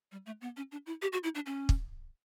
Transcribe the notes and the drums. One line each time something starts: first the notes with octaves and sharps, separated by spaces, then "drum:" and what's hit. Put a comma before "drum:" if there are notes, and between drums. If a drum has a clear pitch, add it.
G3
A3
B3
C#4
D4
E4
G4
F#4
E4
D4
C#4
drum: kick